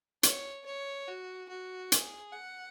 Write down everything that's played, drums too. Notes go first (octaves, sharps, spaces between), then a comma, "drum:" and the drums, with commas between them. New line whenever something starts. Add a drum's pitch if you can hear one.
C#5, drum: hi-hat
C#5
F#4
F#4
G#4, drum: hi-hat
F#5